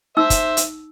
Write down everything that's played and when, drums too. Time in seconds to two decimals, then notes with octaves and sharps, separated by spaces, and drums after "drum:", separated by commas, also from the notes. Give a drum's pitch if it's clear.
0.17 D#4 C5 E5 E6
0.30 drum: kick, hi-hat
0.57 drum: hi-hat